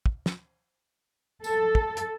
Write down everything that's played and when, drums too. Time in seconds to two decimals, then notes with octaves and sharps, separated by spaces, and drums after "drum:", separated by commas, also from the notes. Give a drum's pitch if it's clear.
0.06 drum: kick
0.26 drum: snare
1.44 A4, drum: tambourine
1.75 drum: kick
1.97 drum: hi-hat